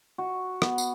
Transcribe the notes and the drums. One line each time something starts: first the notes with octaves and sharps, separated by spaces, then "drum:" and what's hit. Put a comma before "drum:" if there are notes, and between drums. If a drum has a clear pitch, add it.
F#4
B3, drum: rim click
drum: tambourine